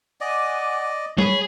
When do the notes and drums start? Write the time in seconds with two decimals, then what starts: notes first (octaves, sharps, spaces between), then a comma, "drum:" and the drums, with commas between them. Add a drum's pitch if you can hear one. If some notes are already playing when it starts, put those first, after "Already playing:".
0.21 D5 D#5 F#5 G#5 D6
1.18 G#4 C#5 B5, drum: tom